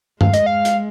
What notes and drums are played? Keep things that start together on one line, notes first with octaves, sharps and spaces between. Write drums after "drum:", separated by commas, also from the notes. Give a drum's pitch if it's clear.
G#3 F5, drum: tom G2
D#5, drum: hi-hat
F5
drum: hi-hat